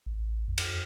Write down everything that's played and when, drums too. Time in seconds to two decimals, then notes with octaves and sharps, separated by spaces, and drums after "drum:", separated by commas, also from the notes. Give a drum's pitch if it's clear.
0.06 A1
0.48 F2
0.58 drum: cymbal